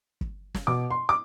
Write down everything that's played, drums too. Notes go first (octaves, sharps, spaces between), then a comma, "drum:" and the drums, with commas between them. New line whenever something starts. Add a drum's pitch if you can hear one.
drum: kick
drum: snare
B2 D6
C6
D6